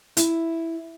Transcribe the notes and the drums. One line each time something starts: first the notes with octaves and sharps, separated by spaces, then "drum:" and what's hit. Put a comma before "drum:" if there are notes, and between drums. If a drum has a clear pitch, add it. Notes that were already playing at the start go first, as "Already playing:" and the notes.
E4, drum: hi-hat